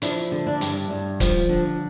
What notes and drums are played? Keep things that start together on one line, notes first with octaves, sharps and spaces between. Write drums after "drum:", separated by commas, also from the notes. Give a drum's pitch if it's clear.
F3 D4 E4, drum: hi-hat
D3
D4 E4
G2, drum: hi-hat
G2
F3, drum: kick, hi-hat
D3